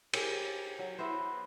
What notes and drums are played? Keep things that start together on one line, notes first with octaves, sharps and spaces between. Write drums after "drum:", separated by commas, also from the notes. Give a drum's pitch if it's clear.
G4 G#4, drum: cymbal
F#3
B3 E4 F#4 C5